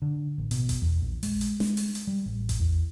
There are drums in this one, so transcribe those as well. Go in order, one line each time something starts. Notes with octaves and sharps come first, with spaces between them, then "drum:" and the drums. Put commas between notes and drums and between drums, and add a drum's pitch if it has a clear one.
D3
A1
B2, drum: hi-hat
drum: kick G#1, hi-hat
E2
A#1
G#3, drum: open hi-hat
drum: hi-hat
G#3, drum: snare
drum: open hi-hat
drum: hi-hat
G3
A1
drum: kick G#1, hi-hat
E2